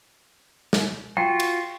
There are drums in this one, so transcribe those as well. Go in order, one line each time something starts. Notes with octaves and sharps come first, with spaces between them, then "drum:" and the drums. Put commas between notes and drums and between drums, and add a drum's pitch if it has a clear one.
drum: snare
F4 F#4 G5
drum: cymbal